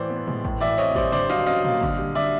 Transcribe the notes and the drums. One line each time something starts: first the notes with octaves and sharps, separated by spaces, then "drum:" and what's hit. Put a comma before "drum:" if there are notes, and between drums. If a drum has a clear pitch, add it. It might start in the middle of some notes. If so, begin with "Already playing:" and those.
Already playing: A2 E3 C5 D5
B3
G#3, drum: tom
A2, drum: kick
E3 D5 E5
C4 C#5 D#5
G3 C5 D5, drum: kick
D3 C5 D5, drum: tom
F#3 D#5 F5, drum: snare
C#4 D#5 F5
A#3, drum: tom
D3, drum: kick
G3
D3 D5 E5